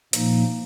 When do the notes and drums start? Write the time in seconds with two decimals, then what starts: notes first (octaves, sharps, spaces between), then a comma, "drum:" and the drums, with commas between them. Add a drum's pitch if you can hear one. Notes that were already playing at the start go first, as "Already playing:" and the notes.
0.13 A#2 F3 A#3 D#4, drum: hi-hat